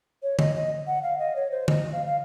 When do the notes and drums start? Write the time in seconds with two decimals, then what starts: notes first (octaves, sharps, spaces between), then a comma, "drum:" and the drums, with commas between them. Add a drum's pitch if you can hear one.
0.22 C#5
0.39 D#5, drum: tom D3
0.55 D#5
0.87 F#5
1.02 F5
1.18 D#5
1.35 C#5
1.51 C5
1.68 D#5, drum: tom D3
1.92 F5
2.05 F5